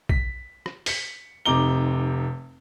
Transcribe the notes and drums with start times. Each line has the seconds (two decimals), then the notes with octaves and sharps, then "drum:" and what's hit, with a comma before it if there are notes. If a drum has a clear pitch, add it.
0.09 B6, drum: kick
0.66 drum: rim click
0.86 B6 C#7, drum: open hi-hat
1.45 F1 C3 D#4 A#5 D6 G7